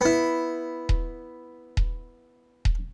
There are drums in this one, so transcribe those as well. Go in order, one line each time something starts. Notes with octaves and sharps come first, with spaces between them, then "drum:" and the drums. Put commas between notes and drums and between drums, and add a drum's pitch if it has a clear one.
B3 E4
drum: kick D#1
drum: kick D#1
drum: kick D#1